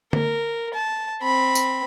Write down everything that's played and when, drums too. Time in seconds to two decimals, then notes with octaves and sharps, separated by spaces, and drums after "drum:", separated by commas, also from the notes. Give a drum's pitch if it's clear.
0.13 A#4, drum: tom D3
0.74 A5
1.22 C4 B5
1.55 drum: tambourine